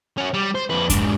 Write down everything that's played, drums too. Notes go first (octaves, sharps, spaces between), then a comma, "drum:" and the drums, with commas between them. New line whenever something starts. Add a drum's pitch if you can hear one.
C#4 F#4
G3
C5
F2 B4
G#2 D4, drum: kick F2, hi-hat